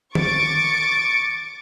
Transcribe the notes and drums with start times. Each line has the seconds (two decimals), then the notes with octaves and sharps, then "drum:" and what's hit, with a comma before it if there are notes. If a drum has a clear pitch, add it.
0.15 C#6 D6 A6 C#7 D7, drum: tom D#3